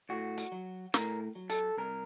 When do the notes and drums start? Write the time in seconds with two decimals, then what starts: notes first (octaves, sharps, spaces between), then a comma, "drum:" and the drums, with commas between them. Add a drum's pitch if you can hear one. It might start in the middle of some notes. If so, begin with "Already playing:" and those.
0.09 A2 F#4
0.38 drum: hi-hat
0.52 F#3
0.94 A2 A#4, drum: snare
1.35 F#3
1.50 A4, drum: hi-hat
1.77 C2 A#4